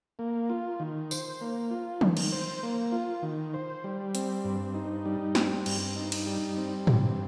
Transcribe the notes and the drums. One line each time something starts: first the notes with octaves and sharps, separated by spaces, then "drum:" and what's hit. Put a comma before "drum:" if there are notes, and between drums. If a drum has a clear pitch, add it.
A#3
F4
D#3
C5, drum: tambourine
A#3
F4
D#3, drum: tom E3
drum: cymbal
C5
A#3
F4
D#3
C5
G3
C4, drum: hi-hat
G2
D#4
G3
C4, drum: snare
G2, drum: cymbal
D#4
drum: cymbal
G3
C4
G2, drum: tom